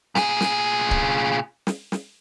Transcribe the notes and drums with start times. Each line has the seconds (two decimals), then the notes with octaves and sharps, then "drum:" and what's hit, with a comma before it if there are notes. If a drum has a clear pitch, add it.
0.15 A#2 G#4, drum: snare
0.41 drum: snare
0.91 drum: kick C#1
1.67 drum: snare
1.92 drum: snare